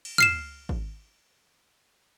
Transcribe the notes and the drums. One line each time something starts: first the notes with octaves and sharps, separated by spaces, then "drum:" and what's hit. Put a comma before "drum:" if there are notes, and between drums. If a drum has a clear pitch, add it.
drum: cymbal
F6 C7 E7, drum: tom
drum: kick G#1